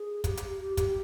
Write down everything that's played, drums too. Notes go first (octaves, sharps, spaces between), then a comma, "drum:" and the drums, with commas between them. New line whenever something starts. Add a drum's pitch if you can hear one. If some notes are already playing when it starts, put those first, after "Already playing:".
Already playing: G#4
G4, drum: kick, hi-hat
drum: hi-hat
G4
G4, drum: kick, hi-hat